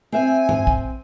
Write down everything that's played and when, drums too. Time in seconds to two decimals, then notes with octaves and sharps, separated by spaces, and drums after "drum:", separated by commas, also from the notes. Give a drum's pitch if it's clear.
0.12 C4 E5 G#5
0.49 drum: tom G2
0.67 drum: kick